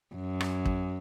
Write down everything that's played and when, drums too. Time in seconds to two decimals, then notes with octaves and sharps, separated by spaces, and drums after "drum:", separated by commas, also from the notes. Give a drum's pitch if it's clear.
0.16 F#2
0.41 drum: rim click
0.65 drum: kick